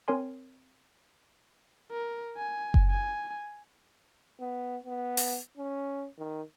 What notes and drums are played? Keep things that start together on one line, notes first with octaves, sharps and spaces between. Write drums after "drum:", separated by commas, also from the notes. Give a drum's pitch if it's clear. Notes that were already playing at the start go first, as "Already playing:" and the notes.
C4 A#4 C#5 G#5 C6
A#4
G#5
drum: kick F#1
G#5
B3
B3
drum: open hi-hat
C#4
D#3